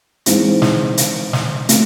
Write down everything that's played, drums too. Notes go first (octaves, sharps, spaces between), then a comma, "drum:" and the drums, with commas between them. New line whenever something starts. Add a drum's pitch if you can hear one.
E3 G#3 C4 D#4, drum: hi-hat
drum: snare
drum: hi-hat
drum: snare
A3, drum: hi-hat